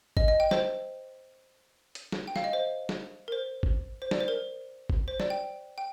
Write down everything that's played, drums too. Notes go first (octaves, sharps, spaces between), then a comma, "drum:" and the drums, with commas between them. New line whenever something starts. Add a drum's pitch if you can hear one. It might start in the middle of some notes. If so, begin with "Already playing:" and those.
D#5, drum: kick
D#5
G5
C5, drum: snare
drum: hi-hat
drum: snare
G5
F5, drum: snare
D#5
C5
drum: snare
A#4
C5
drum: kick
C5
D5, drum: snare
C5
A#4
drum: kick
C5
D5, drum: snare
G5
G5